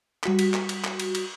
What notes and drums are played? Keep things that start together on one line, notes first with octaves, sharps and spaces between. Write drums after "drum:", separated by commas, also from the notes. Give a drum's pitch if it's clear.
G3 F#4 B6, drum: clap
drum: cymbal
drum: clap
drum: cymbal
drum: clap
drum: cymbal
drum: cymbal